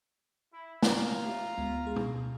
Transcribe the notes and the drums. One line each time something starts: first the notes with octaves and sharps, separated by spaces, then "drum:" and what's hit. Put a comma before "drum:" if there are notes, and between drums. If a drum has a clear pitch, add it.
E4
F4 F5 A#5, drum: snare
G4 E5
D2 G#3 B3
G#4
drum: tom